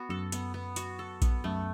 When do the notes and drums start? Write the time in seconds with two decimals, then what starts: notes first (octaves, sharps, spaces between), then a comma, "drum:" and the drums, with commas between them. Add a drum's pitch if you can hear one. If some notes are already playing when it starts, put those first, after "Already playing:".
Already playing: B3 F#4
0.09 F#2 A4
0.32 B3, drum: hi-hat
0.54 B3
0.76 F#4, drum: hi-hat
0.99 A4
1.22 B3, drum: kick A#1, hi-hat
1.44 F#2 A3